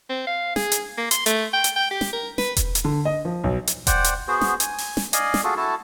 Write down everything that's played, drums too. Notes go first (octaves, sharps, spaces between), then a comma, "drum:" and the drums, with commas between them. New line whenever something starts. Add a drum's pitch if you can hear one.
C4
F5
G#4, drum: snare
drum: hi-hat
A#3
C6, drum: hi-hat
A3, drum: hi-hat
G5
drum: hi-hat
G5
G4
drum: snare
A#4
B4, drum: snare
drum: kick E1, hi-hat
drum: hi-hat
D3
D#5
F3
B1
drum: hi-hat
C5 D5 F#5 G5, drum: kick E1, hi-hat
drum: hi-hat
B3 F#4 G#4 C5
drum: snare
G#5, drum: hi-hat
drum: open hi-hat
drum: snare
D5 D#5 F5 G#5, drum: hi-hat
drum: snare
F4 F#4 G#4 A4
E4 F#4 A4 A5